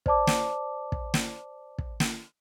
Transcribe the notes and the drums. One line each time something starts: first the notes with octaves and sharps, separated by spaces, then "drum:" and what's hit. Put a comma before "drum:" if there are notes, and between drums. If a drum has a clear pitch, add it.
C5 D5 A5 D6, drum: kick
drum: snare
drum: kick
drum: snare
drum: kick
drum: snare